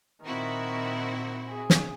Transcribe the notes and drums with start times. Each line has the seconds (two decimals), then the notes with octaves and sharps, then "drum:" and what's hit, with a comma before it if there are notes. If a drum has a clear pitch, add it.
0.25 A#2 D#3 C4 E4 F#4
1.48 G#4
1.70 drum: snare